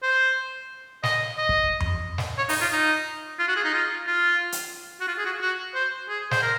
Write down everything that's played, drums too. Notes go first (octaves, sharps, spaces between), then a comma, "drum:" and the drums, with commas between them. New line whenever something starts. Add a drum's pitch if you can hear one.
C5
D#5, drum: snare
D#5
drum: kick
drum: tom F2
drum: snare
C#5
D#4, drum: open hi-hat
F4
D#4
F4
F#4
G#4
D#4
F4
F4
drum: hi-hat
F#4
F4
G#4
F#4
F#4
C5
G#4
C5, drum: snare
A#4